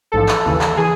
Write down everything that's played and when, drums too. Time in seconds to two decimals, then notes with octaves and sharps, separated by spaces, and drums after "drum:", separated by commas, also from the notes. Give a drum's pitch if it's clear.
0.12 A1 G#2 F3 A4
0.29 drum: clap
0.45 D#2 C#3 E3
0.61 drum: clap
0.77 E3 G#4